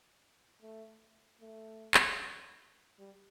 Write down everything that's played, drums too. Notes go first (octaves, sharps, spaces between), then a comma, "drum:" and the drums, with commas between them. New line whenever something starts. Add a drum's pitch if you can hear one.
A3
A3
drum: clap
G3